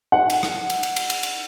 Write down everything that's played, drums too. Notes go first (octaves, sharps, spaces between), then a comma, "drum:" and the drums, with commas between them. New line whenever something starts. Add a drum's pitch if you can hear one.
F#5
drum: cymbal
drum: rim click
drum: cymbal
drum: cymbal
drum: cymbal
drum: cymbal
drum: cymbal